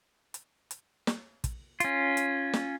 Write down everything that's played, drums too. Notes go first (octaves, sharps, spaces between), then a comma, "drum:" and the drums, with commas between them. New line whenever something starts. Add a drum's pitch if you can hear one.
drum: hi-hat
drum: hi-hat
drum: snare
drum: kick, hi-hat
C#4 F4, drum: hi-hat
drum: hi-hat
drum: snare